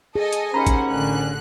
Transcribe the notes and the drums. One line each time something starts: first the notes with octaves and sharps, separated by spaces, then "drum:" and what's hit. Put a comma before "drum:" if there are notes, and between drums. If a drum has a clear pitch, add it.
G#4 A4 D#5 G#5
drum: hi-hat
D#2 C#4 C5 F#5 A#5 B5
drum: kick, hi-hat
A1 D3 F#6